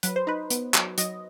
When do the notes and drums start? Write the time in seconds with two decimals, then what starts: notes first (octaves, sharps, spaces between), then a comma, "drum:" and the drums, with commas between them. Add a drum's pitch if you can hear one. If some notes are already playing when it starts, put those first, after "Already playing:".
0.03 F#3 B4, drum: hi-hat
0.16 C5
0.27 D#4 B4
0.50 B3, drum: hi-hat
0.74 F#3, drum: clap
0.98 F#3 D#5, drum: hi-hat